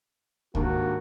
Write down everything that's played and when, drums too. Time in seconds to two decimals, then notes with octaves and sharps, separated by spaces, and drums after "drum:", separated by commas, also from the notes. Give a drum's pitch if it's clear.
0.55 G#1 G2 A#3 F#4, drum: kick C#2